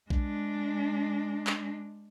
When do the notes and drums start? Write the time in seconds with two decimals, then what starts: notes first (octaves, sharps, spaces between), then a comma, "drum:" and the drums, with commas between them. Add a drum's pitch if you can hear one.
0.10 G#3 D4, drum: kick A#1
1.47 drum: clap